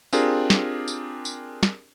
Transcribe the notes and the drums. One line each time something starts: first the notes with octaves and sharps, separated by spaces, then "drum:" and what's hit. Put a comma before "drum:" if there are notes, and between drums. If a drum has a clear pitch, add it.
C4 D4 F4 G4 G#4 A#4, drum: tambourine
drum: snare
drum: tambourine
drum: tambourine
drum: snare